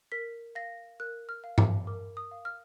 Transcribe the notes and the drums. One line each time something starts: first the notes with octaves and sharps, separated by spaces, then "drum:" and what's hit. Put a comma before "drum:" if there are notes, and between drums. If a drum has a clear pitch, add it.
A#4 B6
F5 A#6
A#4 F#6
F6
F5
D6, drum: tom G#2
A#4 D6
D#6
F5
F6